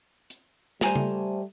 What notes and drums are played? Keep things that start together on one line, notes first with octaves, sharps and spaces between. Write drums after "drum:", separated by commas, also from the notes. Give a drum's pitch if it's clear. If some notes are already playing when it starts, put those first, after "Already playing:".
drum: hi-hat
G3 A3 C5 G#5 A#5, drum: snare
drum: tom C#3